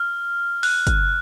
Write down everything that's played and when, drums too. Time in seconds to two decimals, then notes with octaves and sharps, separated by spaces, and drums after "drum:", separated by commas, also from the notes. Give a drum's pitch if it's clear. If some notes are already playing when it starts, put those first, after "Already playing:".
Already playing: F6
0.63 F#6, drum: open hi-hat
0.87 drum: kick G1, hi-hat